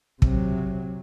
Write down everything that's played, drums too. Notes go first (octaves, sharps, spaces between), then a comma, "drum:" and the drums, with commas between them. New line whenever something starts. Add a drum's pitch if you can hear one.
C3 F#3, drum: kick